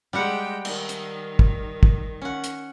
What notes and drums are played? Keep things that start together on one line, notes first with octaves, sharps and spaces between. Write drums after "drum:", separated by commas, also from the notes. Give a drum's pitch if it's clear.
G3 G#3 G4 F#5 G5
D#3, drum: cymbal
drum: hi-hat
drum: kick
drum: kick
C#4 F#5
drum: hi-hat